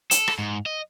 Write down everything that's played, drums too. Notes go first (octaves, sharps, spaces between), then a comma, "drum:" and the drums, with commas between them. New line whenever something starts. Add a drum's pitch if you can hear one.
A4, drum: hi-hat
drum: rim click
G#2
D#5